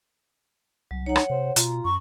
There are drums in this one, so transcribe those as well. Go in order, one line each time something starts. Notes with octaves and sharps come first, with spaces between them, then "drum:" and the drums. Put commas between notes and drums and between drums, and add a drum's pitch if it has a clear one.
C2 F#3
D#4 C#5 F#5
drum: rim click
C3 C5
B2 F4 A#5, drum: hi-hat
F#2 C#6